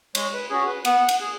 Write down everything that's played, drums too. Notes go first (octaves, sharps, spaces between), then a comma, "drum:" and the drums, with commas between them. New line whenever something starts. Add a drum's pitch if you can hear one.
G#3 C#5, drum: cymbal
B4
C#4 F#4 G#4
B4
B3 F#5, drum: cymbal
drum: cymbal
G#4